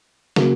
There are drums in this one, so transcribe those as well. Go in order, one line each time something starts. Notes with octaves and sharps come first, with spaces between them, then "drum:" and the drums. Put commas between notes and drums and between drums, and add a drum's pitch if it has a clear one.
C#3 F#3 A#3, drum: snare